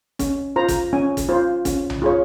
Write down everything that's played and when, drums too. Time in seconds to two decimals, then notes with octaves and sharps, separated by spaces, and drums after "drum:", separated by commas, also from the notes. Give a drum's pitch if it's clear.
0.19 C#4, drum: kick, hi-hat
0.56 F4 C5 A#5
0.68 drum: kick, hi-hat
0.93 C#4 G#5
1.17 drum: kick, hi-hat
1.29 F4 C5
1.65 C#4, drum: kick, hi-hat
1.90 drum: tom B1
2.02 F4 G#4 C#5